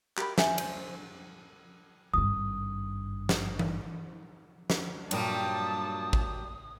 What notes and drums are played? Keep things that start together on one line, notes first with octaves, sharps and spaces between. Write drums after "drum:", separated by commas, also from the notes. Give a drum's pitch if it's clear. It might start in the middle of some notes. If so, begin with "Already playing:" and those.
G4 A#4 B5, drum: clap
C5 E5 G#5, drum: snare
C5, drum: cymbal
G#1 G2 D#6
drum: snare
drum: tom E3
drum: snare
G2 A#2 F#3 G3 A#4 A5 D#6, drum: cymbal
drum: kick G#1